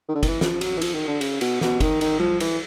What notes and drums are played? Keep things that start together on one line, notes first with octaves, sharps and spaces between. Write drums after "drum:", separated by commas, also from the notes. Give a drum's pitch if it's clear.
D#3
D3
D#3, drum: kick, cymbal
E3
F3, drum: snare
F#3, drum: cymbal
E3
F3, drum: cymbal
D#3
D3
C#3, drum: cymbal
B2, drum: cymbal
B2, drum: snare
D#3, drum: kick, cymbal
D#3, drum: cymbal
F3, drum: tom G3
E3, drum: cymbal